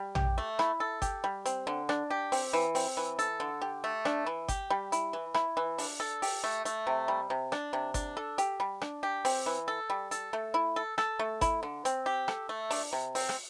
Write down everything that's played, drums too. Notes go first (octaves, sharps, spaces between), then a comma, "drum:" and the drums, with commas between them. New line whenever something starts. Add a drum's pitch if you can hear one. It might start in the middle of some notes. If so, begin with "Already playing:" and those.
Already playing: G3
G4, drum: tom A#1
A3
E4, drum: rim click
A4
G4, drum: kick G1, hi-hat
G3
C4, drum: hi-hat
D3
D4, drum: rim click
G4
C4, drum: open hi-hat
E3
C4, drum: open hi-hat
E3
A4, drum: hi-hat
D3
G4
A3
D4, drum: rim click
E3
G4, drum: kick G1, hi-hat
G3
E4, drum: hi-hat
E3
E4, drum: rim click
E3
D4, drum: open hi-hat
A4
G4, drum: open hi-hat
A3
A3, drum: hi-hat
C3
G3
C3
D4, drum: rim click
C3
D4, drum: kick G1, hi-hat
A4
G4, drum: hi-hat
G3
D4, drum: rim click
G4
C4, drum: open hi-hat
E3
A4
G3
A4, drum: hi-hat
A3
E4
A4
A4, drum: rim click
A3
E4, drum: kick G1, hi-hat
D3
C4, drum: hi-hat
G4
A4, drum: rim click
A3
D4, drum: open hi-hat
C3
C4, drum: open hi-hat
drum: rim click